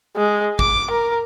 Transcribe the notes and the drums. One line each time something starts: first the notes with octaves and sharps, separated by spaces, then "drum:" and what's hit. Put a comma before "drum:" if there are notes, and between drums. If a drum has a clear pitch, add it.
G#3
D6, drum: kick
A#4